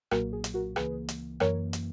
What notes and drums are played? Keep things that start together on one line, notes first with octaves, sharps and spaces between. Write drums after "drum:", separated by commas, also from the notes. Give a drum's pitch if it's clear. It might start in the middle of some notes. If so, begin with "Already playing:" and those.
B1 A#2 F#3 A#3 F#4 A#4, drum: rim click
G#4
drum: hi-hat
F#4 A#4
C#2 C#3 E3 A#3 G#4 B4, drum: rim click
drum: hi-hat
F#2 E3 A#3 A#4 C#5, drum: rim click
drum: hi-hat